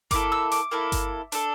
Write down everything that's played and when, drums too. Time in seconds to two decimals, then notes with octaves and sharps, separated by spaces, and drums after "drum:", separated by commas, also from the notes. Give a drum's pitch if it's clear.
0.11 A#3 E4 A4 D6, drum: kick G1, hi-hat
0.32 E6
0.52 D6, drum: hi-hat
0.71 A#3 E4 A4
0.92 drum: kick G1, hi-hat
1.32 D4 A4, drum: hi-hat